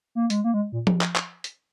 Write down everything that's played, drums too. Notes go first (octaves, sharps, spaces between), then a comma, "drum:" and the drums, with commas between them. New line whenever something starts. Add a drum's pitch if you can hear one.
A#3
G#3, drum: hi-hat
A#3
G#3
A#2
drum: tom F3
drum: clap
drum: clap
drum: hi-hat